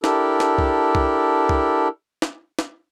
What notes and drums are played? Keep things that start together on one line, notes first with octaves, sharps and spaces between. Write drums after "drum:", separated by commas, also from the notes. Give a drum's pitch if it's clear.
D4 E4 G4 A4 A#4, drum: snare
drum: snare
drum: kick
drum: kick
drum: kick
drum: snare
drum: snare